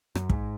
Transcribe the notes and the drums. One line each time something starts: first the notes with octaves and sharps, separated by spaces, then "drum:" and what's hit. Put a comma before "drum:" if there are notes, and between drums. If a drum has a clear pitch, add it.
F#2, drum: rim click
G#2, drum: kick